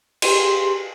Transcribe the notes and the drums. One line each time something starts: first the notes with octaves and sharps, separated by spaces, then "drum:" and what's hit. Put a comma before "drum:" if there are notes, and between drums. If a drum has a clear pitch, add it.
G4 G#4 C6, drum: cymbal